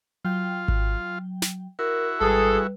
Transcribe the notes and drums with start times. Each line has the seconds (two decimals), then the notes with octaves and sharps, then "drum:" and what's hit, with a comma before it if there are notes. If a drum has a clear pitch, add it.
0.25 F#3 F4 G5
0.68 drum: kick G#1
1.42 drum: snare
1.79 E4 F#4 A#4
2.21 G#1 G3 G#4 A4 B4